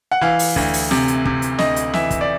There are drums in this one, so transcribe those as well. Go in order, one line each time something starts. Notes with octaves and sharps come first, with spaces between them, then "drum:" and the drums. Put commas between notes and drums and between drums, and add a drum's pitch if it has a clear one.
F#5
E3 F5
drum: open hi-hat
D2, drum: kick
drum: open hi-hat
C3, drum: snare
drum: hi-hat
C3, drum: kick
drum: hi-hat
D2 D#5, drum: snare
drum: hi-hat
E3 E5, drum: snare
drum: kick, hi-hat
D5